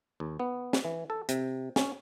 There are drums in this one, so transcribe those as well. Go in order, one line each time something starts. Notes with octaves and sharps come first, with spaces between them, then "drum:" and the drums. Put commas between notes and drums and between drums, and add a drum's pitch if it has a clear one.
D#2
B3
drum: snare
E3
A4
C3, drum: hi-hat
C#4, drum: snare